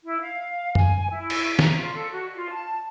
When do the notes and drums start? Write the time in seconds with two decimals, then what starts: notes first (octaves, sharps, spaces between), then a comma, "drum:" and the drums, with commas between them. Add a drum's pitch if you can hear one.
0.04 E4
0.22 F5
0.75 G#5, drum: tom F#2
1.10 E4
1.30 drum: cymbal
1.59 A#5, drum: snare
1.76 F4
1.94 A4
2.11 F#4
2.34 F4
2.52 A5